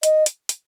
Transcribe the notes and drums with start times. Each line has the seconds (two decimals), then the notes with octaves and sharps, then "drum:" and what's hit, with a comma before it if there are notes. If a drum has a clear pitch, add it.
0.03 D#5, drum: hi-hat
0.26 drum: hi-hat
0.49 drum: hi-hat